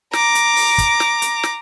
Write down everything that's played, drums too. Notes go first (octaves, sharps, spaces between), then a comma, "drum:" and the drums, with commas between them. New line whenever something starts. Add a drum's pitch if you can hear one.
A#5 D6, drum: snare
drum: hi-hat
drum: open hi-hat
drum: kick, hi-hat
drum: snare
drum: hi-hat
drum: snare